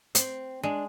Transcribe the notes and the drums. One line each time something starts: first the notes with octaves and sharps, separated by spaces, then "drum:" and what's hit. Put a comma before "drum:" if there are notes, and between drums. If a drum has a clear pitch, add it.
C4, drum: hi-hat
G#3 D4